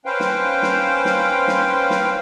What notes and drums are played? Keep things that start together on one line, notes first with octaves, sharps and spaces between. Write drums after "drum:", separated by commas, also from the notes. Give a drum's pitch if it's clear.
C#4 B4 C5 F5 G5
drum: snare
drum: snare
drum: snare
drum: snare
drum: snare